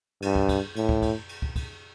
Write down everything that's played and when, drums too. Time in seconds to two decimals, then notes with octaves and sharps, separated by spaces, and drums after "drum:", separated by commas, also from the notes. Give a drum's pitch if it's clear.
0.22 G2, drum: cymbal
0.35 drum: kick
0.49 drum: kick, cymbal
0.76 A2, drum: cymbal
0.89 drum: kick
1.02 drum: kick, cymbal
1.29 drum: cymbal
1.42 drum: kick
1.56 drum: kick, cymbal